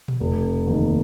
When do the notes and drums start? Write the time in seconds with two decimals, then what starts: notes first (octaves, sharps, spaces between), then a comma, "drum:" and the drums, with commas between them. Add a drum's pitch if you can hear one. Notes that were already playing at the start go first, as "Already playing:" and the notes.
0.08 drum: tom A#2
0.20 F1
0.67 D#2 D#3